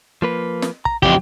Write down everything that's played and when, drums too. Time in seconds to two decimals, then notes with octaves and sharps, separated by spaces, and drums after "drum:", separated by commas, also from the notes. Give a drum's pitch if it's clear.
0.22 F3 A#3 B4
0.62 drum: snare
0.85 A#5, drum: kick
1.03 F2 C#3 E3 G4, drum: kick